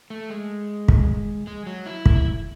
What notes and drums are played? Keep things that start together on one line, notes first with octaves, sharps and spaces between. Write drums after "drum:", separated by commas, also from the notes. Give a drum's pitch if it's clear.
A3
G#3
drum: kick
G#3
F#3
E4
drum: kick